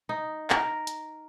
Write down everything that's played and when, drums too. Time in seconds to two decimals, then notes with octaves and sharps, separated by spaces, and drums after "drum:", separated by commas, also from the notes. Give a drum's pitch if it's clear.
0.09 D#4
0.50 A#4, drum: clap
0.87 drum: hi-hat